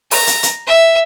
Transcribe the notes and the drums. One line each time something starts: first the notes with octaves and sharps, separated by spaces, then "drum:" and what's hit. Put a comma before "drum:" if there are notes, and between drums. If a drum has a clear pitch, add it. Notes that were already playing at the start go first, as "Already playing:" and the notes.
A#5, drum: open hi-hat
drum: hi-hat
drum: hi-hat
E5